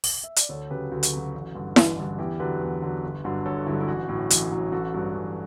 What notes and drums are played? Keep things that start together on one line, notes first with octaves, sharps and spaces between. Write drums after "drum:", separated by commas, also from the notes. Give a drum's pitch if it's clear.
drum: open hi-hat
E5
D5, drum: hi-hat
D2 A4 C#5
C#3 F#3 G4 B4
D2 F#4 A4
drum: hi-hat
C#3 F#3
A1
G2 D3
A1, drum: snare E4
G2 D3
E2 E4 G4
D3 F#3 G4 B4
E2
D3 F#3
G1
G2 D3 F#3
G1 A4 C#5
G2 D3 F#3 E4
E4
A1 F#4
A2 F#3
A1, drum: hi-hat
A2 F#3
A1 F#4 A4
G2 F#3
A1